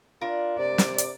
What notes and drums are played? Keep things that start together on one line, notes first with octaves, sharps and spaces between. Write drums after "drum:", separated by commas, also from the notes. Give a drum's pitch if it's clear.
D4 F4 A#4
C3 D5
drum: snare
drum: hi-hat